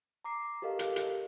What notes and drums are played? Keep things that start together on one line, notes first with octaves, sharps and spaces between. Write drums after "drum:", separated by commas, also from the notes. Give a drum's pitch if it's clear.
A#5 D6 C7
G4 A4 A#4 D#5 F5
drum: hi-hat
drum: hi-hat